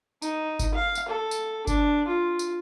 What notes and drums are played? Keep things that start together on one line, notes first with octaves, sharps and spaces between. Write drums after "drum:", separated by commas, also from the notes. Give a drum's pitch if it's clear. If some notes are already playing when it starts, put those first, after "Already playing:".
D#4, drum: tambourine
drum: kick G1, tambourine
F5
drum: tambourine
A4
drum: tambourine
D4, drum: kick G1, tambourine
F4
drum: tambourine